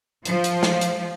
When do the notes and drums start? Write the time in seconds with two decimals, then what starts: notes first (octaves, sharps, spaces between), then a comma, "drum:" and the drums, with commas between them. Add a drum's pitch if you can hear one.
0.25 F3, drum: hi-hat
0.44 drum: hi-hat
0.63 drum: snare
0.81 drum: hi-hat